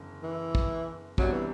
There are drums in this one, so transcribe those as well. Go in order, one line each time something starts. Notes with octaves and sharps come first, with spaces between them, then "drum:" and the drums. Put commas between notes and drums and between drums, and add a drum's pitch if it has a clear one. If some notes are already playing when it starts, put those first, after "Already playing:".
Already playing: F#1 E2 D3
E3
drum: kick
C2 C3 F#3 G3 B3 D4, drum: kick
E3